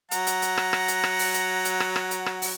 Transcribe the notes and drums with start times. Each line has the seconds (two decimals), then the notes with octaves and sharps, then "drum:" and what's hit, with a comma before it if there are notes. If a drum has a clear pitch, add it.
0.11 F#3 F#5 A#5, drum: hi-hat
0.27 drum: hi-hat
0.42 drum: hi-hat
0.58 drum: rim click
0.73 drum: rim click
0.88 drum: hi-hat
1.04 drum: rim click
1.19 drum: open hi-hat
1.34 drum: hi-hat
1.65 drum: hi-hat
1.80 drum: rim click
1.96 drum: rim click
2.11 drum: hi-hat
2.26 drum: rim click
2.42 drum: open hi-hat